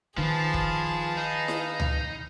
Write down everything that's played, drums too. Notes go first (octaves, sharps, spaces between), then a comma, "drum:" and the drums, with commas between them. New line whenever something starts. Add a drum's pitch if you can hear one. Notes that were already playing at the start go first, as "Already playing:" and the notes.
D#3 F3 G#4 B4 F5 A5
drum: kick
D#4
drum: snare E4
drum: tom C#2